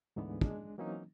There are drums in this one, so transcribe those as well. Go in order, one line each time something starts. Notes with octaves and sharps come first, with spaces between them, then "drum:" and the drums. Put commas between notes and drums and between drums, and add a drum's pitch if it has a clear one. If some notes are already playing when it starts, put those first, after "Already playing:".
D2 G#2 D3 E3 B3
G#3 D4, drum: kick
E3 F#3 A#3 C4 C#4 D#4